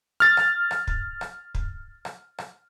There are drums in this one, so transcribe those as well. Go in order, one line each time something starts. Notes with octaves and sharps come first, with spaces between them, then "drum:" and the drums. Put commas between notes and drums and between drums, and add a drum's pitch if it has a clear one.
F6 A6
drum: rim click
drum: rim click
drum: kick
drum: rim click
drum: kick
drum: rim click
drum: rim click